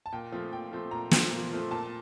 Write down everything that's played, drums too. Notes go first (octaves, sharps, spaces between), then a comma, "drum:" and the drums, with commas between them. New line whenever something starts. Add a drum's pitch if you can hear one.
A5
A#2 G5
F3 A3 C4
A#2 G5
F3 A3 C4
A#2 A#5
F3 A3 C4, drum: snare
A#2
F3 A3 C4
A#2 A5